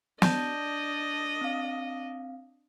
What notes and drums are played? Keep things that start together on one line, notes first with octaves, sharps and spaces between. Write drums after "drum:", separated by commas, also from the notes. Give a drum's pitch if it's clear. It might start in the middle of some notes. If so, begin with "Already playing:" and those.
D4 D5 D#5 A5 G6, drum: snare
C4 F5